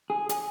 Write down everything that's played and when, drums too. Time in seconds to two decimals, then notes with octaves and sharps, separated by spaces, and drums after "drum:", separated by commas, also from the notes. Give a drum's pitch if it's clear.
0.10 G#4
0.29 G#4, drum: hi-hat